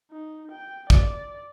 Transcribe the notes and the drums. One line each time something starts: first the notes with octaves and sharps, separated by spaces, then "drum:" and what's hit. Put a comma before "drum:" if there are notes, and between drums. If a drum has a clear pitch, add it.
D#4
G5
D5, drum: kick